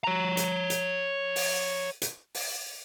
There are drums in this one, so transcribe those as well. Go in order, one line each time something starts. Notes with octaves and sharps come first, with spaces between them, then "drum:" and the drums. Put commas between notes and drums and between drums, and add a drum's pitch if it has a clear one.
C#5 A#5
drum: hi-hat
drum: hi-hat
drum: open hi-hat
drum: hi-hat
drum: open hi-hat